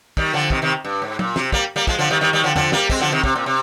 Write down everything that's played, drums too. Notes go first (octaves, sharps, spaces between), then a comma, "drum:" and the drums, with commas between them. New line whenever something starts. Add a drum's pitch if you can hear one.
D#3 G3, drum: kick
D3 F3
C3 D#3, drum: kick
C3 D#3
G2
G#2
A#2, drum: tom
C3, drum: snare
G3 A#3, drum: kick
G3 A#3
F3 G#3, drum: kick
D3 F3
D#3 G3
D#3 G3
D#3 G3
D3 F3
D3 F3, drum: tom
G3 A#3, drum: snare
G#3 C4, drum: kick
D3 F3
C3 D#3
C3, drum: kick
A#2
C3